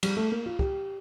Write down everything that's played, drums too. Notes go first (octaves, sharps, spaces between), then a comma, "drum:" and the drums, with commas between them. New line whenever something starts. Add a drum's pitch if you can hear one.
G3, drum: cymbal
A3
A#3
F4
G4, drum: kick